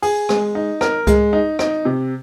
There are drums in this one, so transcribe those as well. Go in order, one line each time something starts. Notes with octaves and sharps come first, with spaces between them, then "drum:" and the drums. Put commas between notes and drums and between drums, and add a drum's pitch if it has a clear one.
G#4, drum: open hi-hat
G#3, drum: rim click
D#4
A#4, drum: rim click
G#3, drum: kick C#2, hi-hat
D#4
D#4, drum: rim click
C3